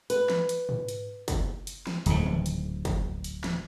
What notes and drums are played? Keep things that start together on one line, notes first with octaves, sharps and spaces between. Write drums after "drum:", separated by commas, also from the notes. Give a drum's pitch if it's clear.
B4, drum: hi-hat
drum: snare
drum: hi-hat
drum: tom G#2
drum: hi-hat
drum: kick, hi-hat
drum: hi-hat
drum: snare
D1 G#2, drum: hi-hat
drum: tom D#3
drum: hi-hat
drum: kick, hi-hat
drum: hi-hat
drum: snare